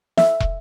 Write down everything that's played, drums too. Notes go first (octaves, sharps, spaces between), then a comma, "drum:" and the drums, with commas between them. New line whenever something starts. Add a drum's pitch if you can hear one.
E5, drum: snare
drum: kick